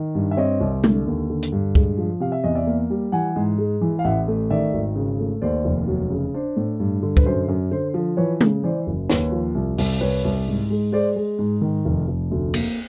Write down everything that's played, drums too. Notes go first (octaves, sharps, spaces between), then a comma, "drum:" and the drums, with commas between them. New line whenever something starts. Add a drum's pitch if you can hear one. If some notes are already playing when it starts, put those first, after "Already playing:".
Already playing: D#3
G2
E5
C4 C#5 D#5
C2
D3, drum: tom G#3
D#2
D3
drum: hi-hat
G2
G#3, drum: kick
F3
C3 F5
E5
E2 D#5
D5 E5
A#3
G3
E3 F#5 G#5
G#2
G#3
E3
F5
A1 E5 F#5
A3
D#3 D5 E5
G#1
C#3
A3
D#2 C5 D5
F1
F#3
C#3
D4 C5
A2
G2
D3
B4, drum: kick
F#2 C5
F#2
D3 C5
F3
E3 B4 C#5
C#3, drum: tom G#3
E3 C5 D5
F#1
D#2 B4 C#5, drum: snare
F3
C2
C2, drum: open hi-hat
C2 B4 C#5
C2
G#2
G#3
G#3 C5 D5
G#3
G#2
D#3
F1
F1
D2
A#3, drum: cymbal